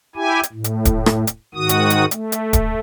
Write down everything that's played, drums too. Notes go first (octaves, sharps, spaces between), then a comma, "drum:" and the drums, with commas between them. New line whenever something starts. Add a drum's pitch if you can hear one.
E4 G4 G#5
drum: hi-hat
A2
drum: hi-hat
drum: kick D1, hi-hat
drum: rim click
drum: hi-hat
G#2 D#3 F#4 D#6
drum: hi-hat
drum: hi-hat
A3, drum: hi-hat
drum: hi-hat
drum: kick D1, hi-hat